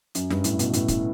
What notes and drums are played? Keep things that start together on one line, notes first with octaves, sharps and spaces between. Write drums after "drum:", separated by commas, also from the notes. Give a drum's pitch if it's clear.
F#2, drum: hi-hat
G2, drum: snare
A2, drum: hi-hat
B2, drum: hi-hat
A2, drum: hi-hat
A2, drum: kick C#1, hi-hat